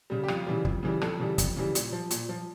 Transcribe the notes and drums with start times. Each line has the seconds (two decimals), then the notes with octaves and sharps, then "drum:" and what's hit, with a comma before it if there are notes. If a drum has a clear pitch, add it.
0.10 C#3 G3
0.24 G4
0.28 F2 F4, drum: rim click
0.47 C#3 E3 G3
0.65 F2, drum: kick
0.83 C#3 E3 G3
1.02 F2 A4, drum: rim click
1.19 C#3 E3 G3
1.38 F2, drum: kick, hi-hat
1.56 C#3 E3 G3
1.75 A#2, drum: hi-hat
1.92 F3
2.11 A#2, drum: hi-hat
2.29 F3